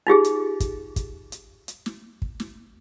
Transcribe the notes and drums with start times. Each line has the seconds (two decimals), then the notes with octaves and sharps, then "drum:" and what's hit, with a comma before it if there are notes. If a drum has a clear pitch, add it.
0.07 D#4 F4 G4 G#4
0.24 drum: hi-hat
0.60 drum: kick, hi-hat
0.96 drum: kick, hi-hat
1.32 drum: hi-hat
1.68 drum: hi-hat
1.86 drum: snare
2.22 drum: kick
2.40 drum: snare